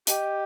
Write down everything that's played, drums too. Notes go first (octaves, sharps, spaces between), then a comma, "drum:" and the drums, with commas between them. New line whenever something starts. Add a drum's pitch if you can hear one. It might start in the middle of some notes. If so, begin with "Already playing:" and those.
G4 D#5, drum: hi-hat